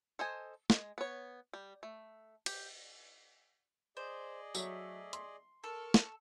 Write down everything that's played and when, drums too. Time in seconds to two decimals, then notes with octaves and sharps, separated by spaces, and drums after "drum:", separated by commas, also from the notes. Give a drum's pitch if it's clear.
0.19 A4 C5 D#5 G#5
0.70 G#3, drum: snare
0.98 B3 C#5
1.53 G3
1.83 A3
2.46 G4, drum: cymbal
3.97 G#4 C5 D5 D#5
4.55 F#3 A3 E5, drum: tambourine
5.13 C6, drum: hi-hat
5.64 A4 A#4 A5 C#6 F6
5.94 drum: snare